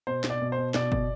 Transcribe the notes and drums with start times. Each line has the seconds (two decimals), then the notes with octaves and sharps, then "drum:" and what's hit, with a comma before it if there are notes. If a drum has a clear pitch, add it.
0.07 B2 C5
0.24 B2, drum: snare
0.30 D5
0.42 B2
0.52 C5
0.58 B2
0.74 B2 D5, drum: snare
0.92 B2, drum: kick F#1